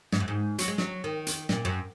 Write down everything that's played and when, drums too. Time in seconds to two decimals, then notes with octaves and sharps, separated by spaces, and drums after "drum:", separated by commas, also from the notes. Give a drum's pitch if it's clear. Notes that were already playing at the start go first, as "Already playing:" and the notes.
0.12 G#2, drum: snare
0.20 F#2
0.28 G#2
0.59 F#3, drum: hi-hat
0.68 G#3
0.78 F#3, drum: snare
1.04 D#3
1.27 drum: hi-hat
1.49 A#2, drum: snare
1.65 F#2